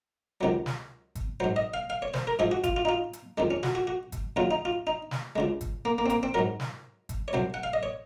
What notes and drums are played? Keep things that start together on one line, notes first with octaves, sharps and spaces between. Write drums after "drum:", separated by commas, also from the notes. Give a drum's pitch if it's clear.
C#2 C3 D#3 F#3
drum: snare
drum: kick G1, hi-hat
G#2 F#3 C5
D#5
F5
F5
C#5
C5, drum: snare
A#4
G#2 F3 G#3 G#4
F#4
F4, drum: kick G1, hi-hat
F4
D#4
F4
drum: hi-hat
F2 D#3 G#3
C#4
F#4, drum: snare
F#4
F#4
drum: kick G1, hi-hat
D#2 C#3 F#3 F4
D#4
F4
D#4
drum: snare
C#2 C#3 G#3
drum: kick G1, hi-hat
A#3
A#3
C4
A#3, drum: hi-hat
C4
G#2 F#3 A#4
drum: snare
drum: kick G1, hi-hat
C#5
C2 C3 F#3 C5
F#5
F5
D#5
C#5